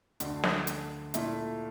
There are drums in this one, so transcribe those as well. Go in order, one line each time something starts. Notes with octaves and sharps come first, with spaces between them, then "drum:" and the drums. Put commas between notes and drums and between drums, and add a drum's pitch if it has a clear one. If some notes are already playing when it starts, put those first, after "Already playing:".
D2 D3 A3, drum: hi-hat
drum: snare
drum: hi-hat
A#2 A3 E4, drum: hi-hat